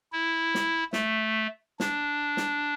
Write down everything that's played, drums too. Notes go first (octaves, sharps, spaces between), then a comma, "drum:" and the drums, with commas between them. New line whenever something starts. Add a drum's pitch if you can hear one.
E4
drum: snare
A3, drum: snare
D4, drum: snare
drum: snare